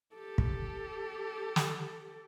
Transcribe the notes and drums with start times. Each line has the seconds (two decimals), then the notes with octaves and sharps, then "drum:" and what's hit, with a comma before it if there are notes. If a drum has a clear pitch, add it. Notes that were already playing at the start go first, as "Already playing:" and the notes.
0.14 G4 A4
0.38 drum: kick
1.56 drum: snare